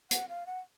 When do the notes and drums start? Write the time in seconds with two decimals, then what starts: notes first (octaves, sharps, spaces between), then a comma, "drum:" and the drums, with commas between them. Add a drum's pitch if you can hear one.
0.11 F#5, drum: hi-hat
0.29 F5
0.47 F#5